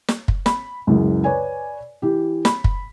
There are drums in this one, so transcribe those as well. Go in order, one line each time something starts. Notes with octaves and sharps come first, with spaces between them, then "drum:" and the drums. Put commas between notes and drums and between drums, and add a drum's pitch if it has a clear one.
drum: snare
drum: kick
B5, drum: snare
C#2 F#2 C#3 E3
B4 C#5 D5 G#5
E3 G4
B5, drum: snare
drum: kick